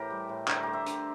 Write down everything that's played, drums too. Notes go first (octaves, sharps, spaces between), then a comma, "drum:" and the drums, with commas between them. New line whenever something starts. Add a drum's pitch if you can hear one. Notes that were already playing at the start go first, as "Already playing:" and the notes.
Already playing: A2 E3 G4 A#4 C5
G3
A2
D3 A#4, drum: clap
C5
A3 G4 A#4
C5 E5
D3, drum: hi-hat